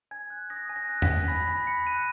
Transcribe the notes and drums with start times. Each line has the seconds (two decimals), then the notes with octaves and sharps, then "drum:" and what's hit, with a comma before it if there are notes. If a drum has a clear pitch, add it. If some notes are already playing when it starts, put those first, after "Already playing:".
0.11 G#5 G#6
0.30 F#6
0.50 D#6 A#6
0.69 G#5
0.76 A#6
0.89 F#6
1.02 B6, drum: tom E2
1.09 G#5
1.28 B5 A#6
1.48 B5 B6
1.67 B5 C#7
1.87 F#6 D#7